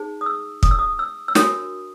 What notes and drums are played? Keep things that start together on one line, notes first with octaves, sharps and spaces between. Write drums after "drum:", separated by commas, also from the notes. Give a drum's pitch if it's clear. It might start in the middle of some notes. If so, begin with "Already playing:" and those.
Already playing: D#4 G#4 C5
D#6
E6
D#6, drum: kick
E6
D#6
E6
E6
D4 F#4 A#4 C#5 D#6, drum: snare